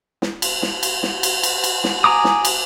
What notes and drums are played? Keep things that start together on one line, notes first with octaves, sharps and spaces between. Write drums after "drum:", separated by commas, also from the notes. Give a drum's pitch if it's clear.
drum: snare
drum: cymbal
drum: snare
drum: cymbal
drum: snare
drum: cymbal
drum: cymbal
drum: cymbal
drum: snare
G#5 A#5 D6 D#6
drum: snare
drum: cymbal